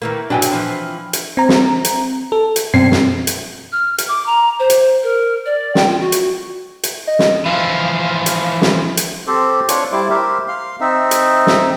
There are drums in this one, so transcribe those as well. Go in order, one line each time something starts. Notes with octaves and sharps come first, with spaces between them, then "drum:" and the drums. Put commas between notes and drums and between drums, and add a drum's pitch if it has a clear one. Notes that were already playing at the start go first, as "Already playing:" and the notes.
D#3 E3 A#3
G2 B2 F#3 D4 G5 G#5
drum: hi-hat
E3 F3 C4
drum: hi-hat
C4 A#5
drum: snare
drum: hi-hat
A4
drum: hi-hat
F#2 B2 C4 G#6 C7
drum: snare
drum: hi-hat
F6
drum: hi-hat
D6
A#5
C5
drum: hi-hat
A#4
D5
G5, drum: snare
F4
F#4
drum: hi-hat
drum: hi-hat
D#5
drum: snare
E3 F3 F5
drum: hi-hat
drum: snare
drum: hi-hat
C4 G4 A4 C5
D4 F4 C#5, drum: hi-hat
G3 E4 C5 D6
G4 A#4 C5 E5
F5 C6
C4 D#4 E5
drum: hi-hat
drum: snare